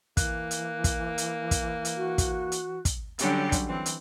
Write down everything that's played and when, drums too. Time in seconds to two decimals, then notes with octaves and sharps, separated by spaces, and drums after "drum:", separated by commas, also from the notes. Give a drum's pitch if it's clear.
0.17 E3 A#3 F#6, drum: kick, hi-hat
0.51 drum: hi-hat
0.84 drum: kick, hi-hat
1.18 drum: hi-hat
1.51 drum: kick, hi-hat
1.85 drum: hi-hat
1.97 F#4
2.18 drum: kick, hi-hat
2.52 drum: hi-hat
2.85 drum: kick, hi-hat
3.19 D3 F#3 G3 C#4 G4, drum: hi-hat
3.52 drum: kick, hi-hat
3.67 E3 C4
3.86 drum: hi-hat